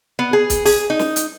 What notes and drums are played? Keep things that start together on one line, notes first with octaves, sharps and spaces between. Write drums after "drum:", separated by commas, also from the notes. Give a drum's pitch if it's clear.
B3
G#4
drum: kick, hi-hat
G#4, drum: open hi-hat
D#4
drum: snare
drum: hi-hat